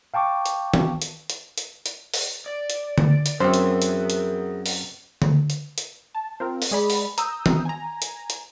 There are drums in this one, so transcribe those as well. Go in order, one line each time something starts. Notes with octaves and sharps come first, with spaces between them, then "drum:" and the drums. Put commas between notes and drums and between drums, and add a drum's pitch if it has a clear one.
F5 G5 A5 C#6 D6
drum: hi-hat
drum: tom D#3
drum: hi-hat
drum: hi-hat
drum: hi-hat
drum: hi-hat
drum: open hi-hat
D5
drum: hi-hat
drum: tom D3
drum: hi-hat
F#2 C4 G#4 A#4 C5 E5 F#5
drum: hi-hat
drum: hi-hat
drum: hi-hat
drum: open hi-hat
drum: tom D3
drum: hi-hat
drum: hi-hat
A5
C4 F4 A#4
drum: open hi-hat
G#3 G#4 D5 B5
drum: open hi-hat
A#5 D#6 E6 G6, drum: hi-hat
drum: tom D#3
G#5 A#5
drum: hi-hat
drum: hi-hat